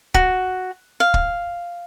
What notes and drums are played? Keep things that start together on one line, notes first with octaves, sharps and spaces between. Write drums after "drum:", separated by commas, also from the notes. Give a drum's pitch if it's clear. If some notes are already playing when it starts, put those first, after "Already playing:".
F#4, drum: kick
F5
drum: kick